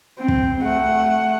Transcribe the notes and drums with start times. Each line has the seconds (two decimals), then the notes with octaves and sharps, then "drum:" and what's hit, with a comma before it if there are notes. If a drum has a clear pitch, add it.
0.19 C4
0.28 drum: kick
0.61 A3 F#5